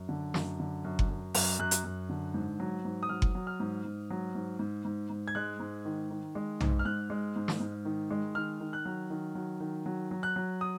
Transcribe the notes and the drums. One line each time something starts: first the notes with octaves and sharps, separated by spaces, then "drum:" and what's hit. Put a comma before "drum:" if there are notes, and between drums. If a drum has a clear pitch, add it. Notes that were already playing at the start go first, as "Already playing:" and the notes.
Already playing: F#2
D3
F#2, drum: snare
D3
F#2
drum: kick F#1
F#2
F#2, drum: open hi-hat
F#2 F#6
drum: hi-hat
F#2
D3
G#2
F#3
G#2
D#6
F#3 F6
drum: kick F#1
F#3
F6
G#2
G#2
F#3
G#2
G#2
G#2
G#2
G#6
G#3 F#6
G#2
D#3
D#3
G#3
G#2, drum: tom B1
F6
G#2 F#6
G#3
G#2
drum: snare
G#2
D#3
G#3
D#3 F6
D#3
F#6
F#3
D#3
F#3
D#3
F#3
F#3
F#6
F#3
D#6